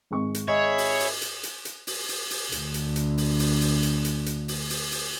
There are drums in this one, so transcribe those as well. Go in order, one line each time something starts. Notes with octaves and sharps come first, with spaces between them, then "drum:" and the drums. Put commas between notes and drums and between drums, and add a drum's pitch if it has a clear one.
G#1 G#3 C#6
drum: hi-hat
G#4 C#5 D#5 E5 B5
drum: open hi-hat
drum: open hi-hat
drum: hi-hat
drum: hi-hat
drum: hi-hat
drum: open hi-hat
drum: open hi-hat
drum: open hi-hat
D2 D3, drum: hi-hat
drum: hi-hat
drum: hi-hat
drum: open hi-hat
drum: open hi-hat
drum: open hi-hat
drum: hi-hat
drum: hi-hat
drum: hi-hat
drum: open hi-hat
drum: open hi-hat
drum: open hi-hat